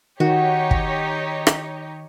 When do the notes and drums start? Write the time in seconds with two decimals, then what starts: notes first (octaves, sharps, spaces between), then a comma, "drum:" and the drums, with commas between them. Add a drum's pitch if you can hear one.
0.20 D#3 D#4 F#4 G4 C#5
0.71 drum: kick
1.47 drum: rim click